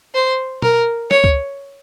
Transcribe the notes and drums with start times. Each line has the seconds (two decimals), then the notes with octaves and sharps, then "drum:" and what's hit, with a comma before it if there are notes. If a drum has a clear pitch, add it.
0.14 C5
0.62 A#4, drum: tom
1.11 C#5, drum: snare
1.24 drum: kick C#2